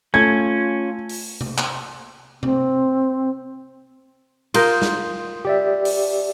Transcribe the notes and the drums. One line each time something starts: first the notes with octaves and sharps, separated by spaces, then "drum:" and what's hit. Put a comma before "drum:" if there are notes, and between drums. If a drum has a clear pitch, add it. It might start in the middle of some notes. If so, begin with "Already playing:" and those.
A3 C#4 F4 G#6
drum: open hi-hat
drum: tom C3
drum: clap
C4, drum: tom C3
F4 A#4 C6 D#6 G6, drum: cymbal
drum: snare
G4 D5 E5
drum: open hi-hat